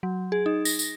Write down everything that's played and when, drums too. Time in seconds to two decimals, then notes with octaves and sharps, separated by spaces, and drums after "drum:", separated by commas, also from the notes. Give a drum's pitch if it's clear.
0.03 F#3
0.32 G#4
0.46 D#4
0.65 A#6, drum: tambourine
0.79 drum: tambourine